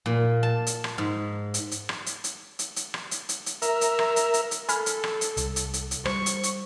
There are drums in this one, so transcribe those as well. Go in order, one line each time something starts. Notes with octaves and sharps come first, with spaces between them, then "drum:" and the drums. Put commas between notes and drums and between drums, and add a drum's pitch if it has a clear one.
A#2
A5
drum: hi-hat
drum: rim click
G#2
drum: hi-hat
drum: hi-hat
drum: rim click
drum: hi-hat
drum: hi-hat
drum: hi-hat
drum: hi-hat
drum: rim click
drum: hi-hat
drum: hi-hat
drum: hi-hat
A#4 E5, drum: hi-hat
drum: hi-hat
drum: rim click
drum: hi-hat
drum: hi-hat
drum: hi-hat
A4 G#5 B5 F6, drum: hi-hat
drum: hi-hat
drum: rim click
drum: hi-hat
C2, drum: hi-hat
drum: hi-hat
drum: hi-hat
drum: hi-hat
G3 C5 C#6, drum: rim click
drum: hi-hat
drum: hi-hat